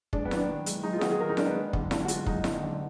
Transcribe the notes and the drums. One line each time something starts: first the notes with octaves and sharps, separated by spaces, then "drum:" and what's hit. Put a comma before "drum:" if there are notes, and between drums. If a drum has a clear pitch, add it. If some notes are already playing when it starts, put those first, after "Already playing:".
G#3 D4, drum: kick
B3
D#3, drum: snare E4
D4
D#3
G#3, drum: hi-hat
G#3 D#4
F4
G#4
D#3 F#4, drum: snare E4
G#4
D#3 A#4
D#4
G#3 D4, drum: snare E4
B3
G#3
D3, drum: kick
D3 D4, drum: snare E4
F#4
G#3 F4, drum: hi-hat
G#3 D#4, drum: kick
D3, drum: snare E4
D3